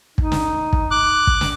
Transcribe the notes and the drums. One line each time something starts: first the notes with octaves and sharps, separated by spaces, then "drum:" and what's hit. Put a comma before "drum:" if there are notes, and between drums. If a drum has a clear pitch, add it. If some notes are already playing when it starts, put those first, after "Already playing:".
D#4, drum: kick
drum: snare
drum: kick
D6 F#6
drum: kick
drum: snare